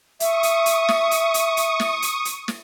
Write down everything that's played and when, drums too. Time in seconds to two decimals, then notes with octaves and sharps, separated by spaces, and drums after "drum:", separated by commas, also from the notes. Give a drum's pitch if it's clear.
0.20 E5 C#6 D#6, drum: hi-hat
0.43 drum: hi-hat
0.66 drum: hi-hat
0.88 drum: snare
1.11 drum: hi-hat
1.34 drum: hi-hat
1.57 drum: hi-hat
1.80 drum: snare
2.02 drum: hi-hat
2.25 drum: hi-hat
2.48 drum: snare